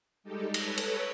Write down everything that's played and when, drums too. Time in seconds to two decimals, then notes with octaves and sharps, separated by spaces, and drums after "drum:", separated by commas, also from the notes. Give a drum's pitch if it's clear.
0.23 G3 G#3 D#4 G4 A4
0.54 A4 B4 C#5, drum: cymbal
0.77 drum: cymbal